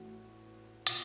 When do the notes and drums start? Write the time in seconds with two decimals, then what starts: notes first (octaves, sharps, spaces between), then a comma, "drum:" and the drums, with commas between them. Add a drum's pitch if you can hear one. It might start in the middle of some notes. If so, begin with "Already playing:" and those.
Already playing: A1 A2 E3 F#4
0.87 B2 F4, drum: hi-hat